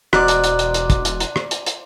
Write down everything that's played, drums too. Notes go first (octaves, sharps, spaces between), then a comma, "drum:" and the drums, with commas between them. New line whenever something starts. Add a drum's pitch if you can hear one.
E1 B2 C5 D5 A#5 F#6, drum: rim click
drum: hi-hat
drum: hi-hat
drum: hi-hat
drum: hi-hat
drum: kick, hi-hat
drum: hi-hat
drum: hi-hat
drum: rim click
drum: hi-hat
drum: hi-hat